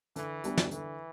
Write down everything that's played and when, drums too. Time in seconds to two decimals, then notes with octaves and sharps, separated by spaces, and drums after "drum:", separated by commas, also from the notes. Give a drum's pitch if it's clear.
0.16 D3 E3, drum: hi-hat
0.44 G3 B3 D4 G4, drum: hi-hat
0.58 drum: snare
0.71 D3 E3, drum: hi-hat